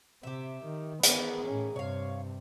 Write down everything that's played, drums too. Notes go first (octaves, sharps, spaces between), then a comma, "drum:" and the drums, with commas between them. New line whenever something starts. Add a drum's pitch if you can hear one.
C3 G4 E5
D#3
D#3 E3 B3 G#4, drum: hi-hat
A2 C#4
G2 C3 C#5 F5